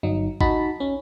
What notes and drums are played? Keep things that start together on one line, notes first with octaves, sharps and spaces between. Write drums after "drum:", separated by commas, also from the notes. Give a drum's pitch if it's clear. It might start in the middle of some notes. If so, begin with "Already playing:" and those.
G1 F#3 D#4
D#4 F#4 A5 B5, drum: kick G#1
C#4